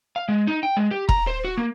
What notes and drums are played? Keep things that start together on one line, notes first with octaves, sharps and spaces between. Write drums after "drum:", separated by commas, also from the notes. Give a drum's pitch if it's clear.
F5
G#3
D#4
G5
G#3
G4
A#5, drum: kick E1
C5
F#4
A#3